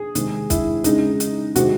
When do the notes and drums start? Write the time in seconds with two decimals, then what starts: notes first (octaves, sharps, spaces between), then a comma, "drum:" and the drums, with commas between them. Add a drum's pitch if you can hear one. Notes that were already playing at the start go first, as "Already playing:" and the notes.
Already playing: G#4
0.15 C3 D#3 G#3, drum: hi-hat
0.50 E4, drum: kick, hi-hat
0.84 C#3 G#3 D#4, drum: hi-hat
1.20 drum: hi-hat
1.56 C3 D#3 G#3 F#4, drum: hi-hat